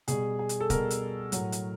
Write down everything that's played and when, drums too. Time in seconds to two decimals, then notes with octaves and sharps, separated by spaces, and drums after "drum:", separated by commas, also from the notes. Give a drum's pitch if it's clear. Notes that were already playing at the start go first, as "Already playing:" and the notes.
0.08 B2 G3 G#4, drum: hi-hat
0.39 G#4
0.49 drum: hi-hat
0.60 A4
0.70 B2 G3 A#4, drum: kick, hi-hat
0.90 drum: hi-hat
1.32 A2 F#3, drum: hi-hat
1.52 drum: hi-hat